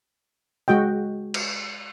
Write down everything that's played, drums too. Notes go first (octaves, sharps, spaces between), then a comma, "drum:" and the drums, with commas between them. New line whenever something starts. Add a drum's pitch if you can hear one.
G#3 F#4 D#5 G5
drum: cymbal